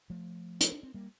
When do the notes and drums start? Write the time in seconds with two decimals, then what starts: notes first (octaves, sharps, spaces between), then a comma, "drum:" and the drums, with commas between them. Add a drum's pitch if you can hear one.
0.10 F3 A3
0.61 drum: hi-hat
0.72 D4
0.83 C4
0.94 G3 A#3